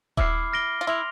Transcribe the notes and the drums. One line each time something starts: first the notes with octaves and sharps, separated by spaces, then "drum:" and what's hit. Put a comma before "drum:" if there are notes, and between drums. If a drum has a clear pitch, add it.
E4 D6 F6 C7, drum: kick D#1
F6 A#6 D7 G7
F4
E4 C6 F6 A#6 F7